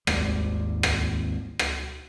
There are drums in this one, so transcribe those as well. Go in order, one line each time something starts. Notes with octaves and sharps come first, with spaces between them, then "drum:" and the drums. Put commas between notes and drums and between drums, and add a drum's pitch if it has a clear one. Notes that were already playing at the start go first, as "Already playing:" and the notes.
G#1 D#2 G3, drum: rim click
drum: rim click
drum: rim click